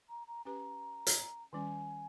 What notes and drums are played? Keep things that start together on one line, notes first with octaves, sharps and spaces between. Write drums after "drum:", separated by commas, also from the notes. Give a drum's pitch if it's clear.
A#5
A#5
C#4 G4 B4 A#5
drum: hi-hat
D#3 G3 C#4 G#5